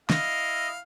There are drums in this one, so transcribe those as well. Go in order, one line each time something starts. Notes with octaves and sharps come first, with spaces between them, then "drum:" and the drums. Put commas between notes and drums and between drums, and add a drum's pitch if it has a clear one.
E4 D#5 F5, drum: snare